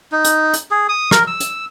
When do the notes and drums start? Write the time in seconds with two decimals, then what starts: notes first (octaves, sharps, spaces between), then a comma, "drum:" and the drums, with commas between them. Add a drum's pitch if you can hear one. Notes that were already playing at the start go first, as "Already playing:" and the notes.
0.12 D#4
0.24 drum: hi-hat
0.53 drum: hi-hat
0.71 G#4
0.89 D#6
1.11 A#4, drum: rim click
1.27 E6
1.40 drum: hi-hat